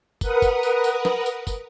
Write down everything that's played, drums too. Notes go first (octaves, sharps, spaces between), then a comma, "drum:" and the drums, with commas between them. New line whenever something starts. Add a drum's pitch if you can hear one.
A#4 B4 F#5 D#6, drum: kick, tambourine
drum: kick, tambourine
drum: tambourine
drum: tambourine
drum: snare
drum: tambourine
drum: kick, tambourine